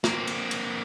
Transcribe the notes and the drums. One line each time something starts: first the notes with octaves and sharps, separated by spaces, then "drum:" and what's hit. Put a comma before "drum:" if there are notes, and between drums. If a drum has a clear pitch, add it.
A#3 C4, drum: snare
drum: cymbal
drum: cymbal